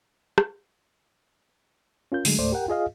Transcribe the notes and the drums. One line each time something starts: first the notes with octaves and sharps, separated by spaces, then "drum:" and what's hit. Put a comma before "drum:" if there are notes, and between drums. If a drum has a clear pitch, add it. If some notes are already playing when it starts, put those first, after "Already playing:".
drum: rim click
C#4 F4 A#4 G6
D3 F#3 G#3 A3, drum: open hi-hat
C#2 G#2 A3 C5 D5
G4 A#4 F#5 G5
F4 G#4 D#5 F5